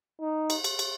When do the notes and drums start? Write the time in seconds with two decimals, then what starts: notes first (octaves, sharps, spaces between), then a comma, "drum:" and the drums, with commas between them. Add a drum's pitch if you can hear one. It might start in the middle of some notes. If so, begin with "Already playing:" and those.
0.21 D#4
0.50 drum: cymbal
0.64 drum: cymbal
0.79 drum: cymbal